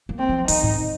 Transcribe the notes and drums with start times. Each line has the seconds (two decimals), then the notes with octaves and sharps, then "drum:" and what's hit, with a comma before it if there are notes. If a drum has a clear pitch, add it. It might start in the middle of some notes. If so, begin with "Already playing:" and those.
0.09 A#3
0.19 C4
0.29 F3
0.48 D#3 D#4, drum: open hi-hat
0.63 G#2